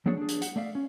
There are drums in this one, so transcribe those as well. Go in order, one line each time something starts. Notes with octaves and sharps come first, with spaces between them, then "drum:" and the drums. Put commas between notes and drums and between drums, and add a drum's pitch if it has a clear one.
F3 F#3 A#3 D4 G#4 C#5
D4 G#4
drum: hi-hat
F#5, drum: hi-hat
A3 D5 E5 F5
C#4